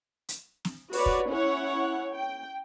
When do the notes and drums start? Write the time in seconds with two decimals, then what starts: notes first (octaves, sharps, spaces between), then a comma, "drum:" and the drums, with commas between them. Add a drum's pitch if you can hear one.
0.29 drum: hi-hat
0.65 drum: snare
0.93 F#4 B4 C#5 D5, drum: open hi-hat
1.06 drum: kick
1.30 C#4 E4 C#5 F#5
2.12 G5